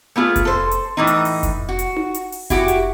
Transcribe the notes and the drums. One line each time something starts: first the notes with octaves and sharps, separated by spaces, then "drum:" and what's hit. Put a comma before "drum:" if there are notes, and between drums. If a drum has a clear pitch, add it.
A3 B3 F4 G#4
drum: kick F1, hi-hat
A4 C5
drum: hi-hat
A2 E3 D#4
drum: hi-hat
drum: open hi-hat
drum: kick F1, hi-hat
F#4
drum: hi-hat
drum: tom D#4
drum: hi-hat
drum: open hi-hat
E4 F#4 G4, drum: kick F1, hi-hat
drum: hi-hat